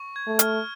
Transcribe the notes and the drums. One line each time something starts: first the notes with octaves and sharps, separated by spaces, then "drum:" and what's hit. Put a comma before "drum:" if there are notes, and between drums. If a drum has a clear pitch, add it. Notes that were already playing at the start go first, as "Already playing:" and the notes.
Already playing: C#6
G#6
A3
F6, drum: hi-hat